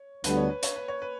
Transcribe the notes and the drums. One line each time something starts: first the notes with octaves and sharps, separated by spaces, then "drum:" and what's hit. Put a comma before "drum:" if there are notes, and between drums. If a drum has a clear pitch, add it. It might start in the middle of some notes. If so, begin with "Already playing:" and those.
Already playing: C#5
D2 D3 G3 B3 D4 B4, drum: hi-hat
C#5
B4
C#5, drum: hi-hat
B4
C#5
B4